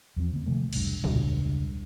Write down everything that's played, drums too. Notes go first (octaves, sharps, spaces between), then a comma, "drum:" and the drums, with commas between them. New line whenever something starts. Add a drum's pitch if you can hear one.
E2 F3 C4
D3 A#3
C3 D#3 F3 A3
E1 B1 G2, drum: cymbal
E1 C#2 G3 D4, drum: tom